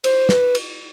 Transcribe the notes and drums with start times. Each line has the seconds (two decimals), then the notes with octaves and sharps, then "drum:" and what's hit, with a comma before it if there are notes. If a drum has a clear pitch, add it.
0.04 C5, drum: cymbal
0.29 B4, drum: snare
0.55 drum: cymbal